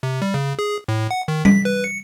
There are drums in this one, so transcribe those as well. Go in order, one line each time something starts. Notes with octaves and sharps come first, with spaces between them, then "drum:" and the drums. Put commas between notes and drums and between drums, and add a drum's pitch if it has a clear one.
C3
G3
C#3
G#4
A2
F#5
D#3
B6, drum: tom G3
B4
C#7